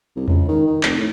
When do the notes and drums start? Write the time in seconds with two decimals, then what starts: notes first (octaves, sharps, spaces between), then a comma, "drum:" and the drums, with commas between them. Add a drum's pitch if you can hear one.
0.16 C2
0.28 C#2, drum: tom E2
0.48 D#3
0.67 D#3
0.83 F1, drum: clap
0.98 A2